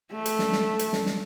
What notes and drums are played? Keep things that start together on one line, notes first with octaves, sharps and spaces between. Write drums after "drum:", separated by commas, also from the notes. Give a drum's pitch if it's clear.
A3
drum: hi-hat
drum: snare
drum: snare
drum: hi-hat
drum: snare
drum: snare